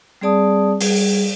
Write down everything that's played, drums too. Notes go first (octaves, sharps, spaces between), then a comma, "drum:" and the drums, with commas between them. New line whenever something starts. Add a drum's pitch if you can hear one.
G3 C4 G#4 D5 A5 D#6
G3 G#4, drum: open hi-hat